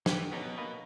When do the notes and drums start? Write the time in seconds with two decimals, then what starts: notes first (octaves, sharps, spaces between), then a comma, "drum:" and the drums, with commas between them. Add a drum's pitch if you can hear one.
0.06 D3 E3 B3 G4, drum: snare
0.32 B2 B3 C#4 D#4
0.58 A#3 B4 D#5